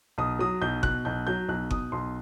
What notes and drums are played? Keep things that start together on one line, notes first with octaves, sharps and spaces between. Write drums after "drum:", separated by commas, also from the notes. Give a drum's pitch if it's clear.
B1 D#6
F#3 D#6
B1 G6
B2 F#6, drum: kick G1
B1 G6
F#3 G6
B1 F#6
B2 D#6, drum: kick G1
B1 C6